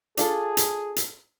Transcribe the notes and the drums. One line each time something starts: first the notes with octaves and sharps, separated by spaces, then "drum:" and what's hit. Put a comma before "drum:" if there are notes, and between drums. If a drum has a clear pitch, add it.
D4 F4 G#4 A4, drum: hi-hat
drum: hi-hat
drum: hi-hat